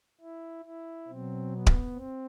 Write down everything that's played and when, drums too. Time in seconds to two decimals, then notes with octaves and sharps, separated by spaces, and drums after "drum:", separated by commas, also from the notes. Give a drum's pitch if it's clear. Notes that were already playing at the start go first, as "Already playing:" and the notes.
0.21 E4
0.65 E4
1.08 B2 F#3 C4
1.51 B3
1.67 drum: kick D1
1.95 C4